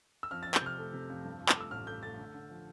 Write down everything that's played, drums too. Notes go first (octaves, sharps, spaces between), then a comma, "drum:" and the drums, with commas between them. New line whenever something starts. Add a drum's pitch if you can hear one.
E6
F2 F6
A6
F2
G6, drum: clap
C3 F6
A3
C3
F2
G2
F3
D6, drum: clap
A3 E6
A1 F6
A3 G6
A3 A6
D3
D3
F3